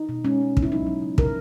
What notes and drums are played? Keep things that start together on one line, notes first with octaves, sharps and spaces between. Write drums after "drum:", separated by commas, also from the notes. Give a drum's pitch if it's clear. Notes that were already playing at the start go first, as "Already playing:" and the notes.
Already playing: D#4
B2
G#3 C#4
G#3
B3, drum: kick
E4
F#3 D#4
F#3
C#3
C#3 A#4, drum: kick